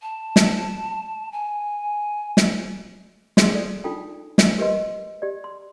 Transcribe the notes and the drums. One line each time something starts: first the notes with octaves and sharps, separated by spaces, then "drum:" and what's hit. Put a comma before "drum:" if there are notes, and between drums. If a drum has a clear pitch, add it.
A5
drum: snare
G#5
drum: snare
G#4 C6, drum: snare
A4 D5
D4 D#4 F4 A4 G5
drum: snare
G4 A#4 B4 D#5 C6
G4 D5
C6